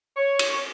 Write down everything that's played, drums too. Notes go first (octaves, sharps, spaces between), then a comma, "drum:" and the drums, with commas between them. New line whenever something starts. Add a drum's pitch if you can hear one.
C#5
drum: cymbal